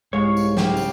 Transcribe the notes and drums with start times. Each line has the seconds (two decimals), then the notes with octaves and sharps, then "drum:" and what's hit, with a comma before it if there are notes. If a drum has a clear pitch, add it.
0.13 C2 G#2 G#3 C#5 F5 C#6
0.37 drum: tambourine
0.57 C#3 G4 F5, drum: snare
0.77 drum: tambourine